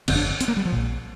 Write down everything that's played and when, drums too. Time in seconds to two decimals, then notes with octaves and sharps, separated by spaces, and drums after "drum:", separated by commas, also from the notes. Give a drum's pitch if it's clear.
0.08 G1 F2 D3 C4, drum: cymbal
0.16 D4
0.41 C4, drum: hi-hat
0.48 A#3
0.57 G3
0.65 F3
0.72 A#1 A#2